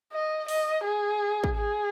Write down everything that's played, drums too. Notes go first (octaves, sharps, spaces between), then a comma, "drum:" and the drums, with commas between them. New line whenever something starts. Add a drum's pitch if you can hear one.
D#5
D#5, drum: open hi-hat
G#4
drum: kick
G#4